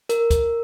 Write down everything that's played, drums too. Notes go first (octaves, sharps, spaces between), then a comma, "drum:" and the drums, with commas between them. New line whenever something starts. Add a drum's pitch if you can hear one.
A#4, drum: hi-hat
drum: kick, hi-hat